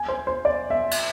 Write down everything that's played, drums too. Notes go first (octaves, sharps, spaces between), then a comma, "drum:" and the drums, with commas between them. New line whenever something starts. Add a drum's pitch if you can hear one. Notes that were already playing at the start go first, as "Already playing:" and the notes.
Already playing: G#5
C5
C5
D5
E5
drum: cymbal